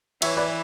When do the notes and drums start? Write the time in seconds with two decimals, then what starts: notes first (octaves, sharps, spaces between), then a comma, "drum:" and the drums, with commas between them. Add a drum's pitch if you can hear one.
0.22 E3 C#5 E5, drum: cymbal
0.37 B4 D5